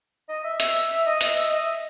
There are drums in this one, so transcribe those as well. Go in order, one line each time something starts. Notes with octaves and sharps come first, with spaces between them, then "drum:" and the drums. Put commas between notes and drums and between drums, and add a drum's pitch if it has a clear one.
D#5
E5
E5, drum: hi-hat
E5
D#5
D#5, drum: hi-hat
E5
D#5